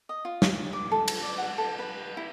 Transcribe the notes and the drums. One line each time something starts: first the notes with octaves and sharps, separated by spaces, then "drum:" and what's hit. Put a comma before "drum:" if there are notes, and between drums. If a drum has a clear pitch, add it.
D#5
F4
drum: snare
D6
A4
drum: cymbal
D5
F#5
A4
B4
E4